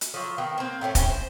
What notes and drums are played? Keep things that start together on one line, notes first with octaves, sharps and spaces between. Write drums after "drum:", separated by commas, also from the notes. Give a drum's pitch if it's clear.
drum: hi-hat
F3 F#3
D#3 A#3 B3
A#3 C4
A2 A3 C4 C#4
C4 C#4 E4, drum: kick, hi-hat
C5